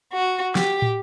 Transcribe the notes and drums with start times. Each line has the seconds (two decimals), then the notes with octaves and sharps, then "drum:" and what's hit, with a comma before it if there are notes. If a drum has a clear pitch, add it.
0.14 F#4
0.55 G4, drum: snare
0.82 drum: tom